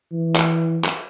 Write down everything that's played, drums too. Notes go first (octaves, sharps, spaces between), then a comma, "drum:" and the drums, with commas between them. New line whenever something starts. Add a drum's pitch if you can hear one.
E3
drum: clap
drum: clap